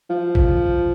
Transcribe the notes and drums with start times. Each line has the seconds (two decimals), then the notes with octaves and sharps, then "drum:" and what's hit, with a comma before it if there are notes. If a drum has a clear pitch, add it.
0.10 F3
0.35 drum: kick